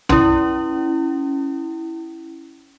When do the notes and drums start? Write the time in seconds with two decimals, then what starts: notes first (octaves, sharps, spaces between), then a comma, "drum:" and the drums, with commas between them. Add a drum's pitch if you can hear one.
0.09 C#4 E4, drum: tom